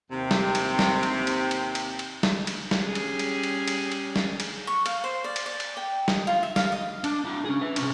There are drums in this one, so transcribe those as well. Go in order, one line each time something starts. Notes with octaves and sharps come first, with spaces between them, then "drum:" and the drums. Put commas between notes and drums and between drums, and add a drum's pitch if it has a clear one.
D#2 C3
drum: snare
drum: cymbal
drum: snare
drum: cymbal
drum: cymbal
drum: cymbal
drum: cymbal
drum: cymbal
drum: snare
drum: cymbal
drum: snare
G3 C#4 G#4
drum: cymbal
drum: cymbal
drum: cymbal
drum: cymbal
drum: cymbal
drum: snare
drum: cymbal
C#6
F5, drum: cymbal
C5
D5
drum: cymbal
D5
drum: cymbal
G5
D#5, drum: snare
F4
E5
F5, drum: snare
D#5
D4, drum: cymbal
D4 E4
C#4 G#4
B4 E5
C3 C#4, drum: cymbal